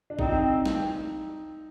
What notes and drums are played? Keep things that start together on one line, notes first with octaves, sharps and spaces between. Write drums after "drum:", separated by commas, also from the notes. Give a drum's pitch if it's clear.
D4
C4 D#4, drum: kick
drum: snare